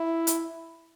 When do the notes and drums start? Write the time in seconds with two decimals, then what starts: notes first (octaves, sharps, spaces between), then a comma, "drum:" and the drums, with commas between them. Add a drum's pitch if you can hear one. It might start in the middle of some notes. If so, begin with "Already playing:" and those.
Already playing: E4
0.27 drum: hi-hat